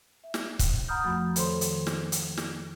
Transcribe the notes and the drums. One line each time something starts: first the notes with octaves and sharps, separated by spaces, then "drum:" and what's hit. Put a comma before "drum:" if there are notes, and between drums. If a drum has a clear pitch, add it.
E5
drum: snare
drum: kick, hi-hat
F#5 A#5 B5 D#6 F6 G6
F2 F3 A3 F#4 F#5 B5
D#3 A4 C5 C#5 C6, drum: hi-hat
drum: hi-hat
drum: snare
drum: hi-hat
drum: snare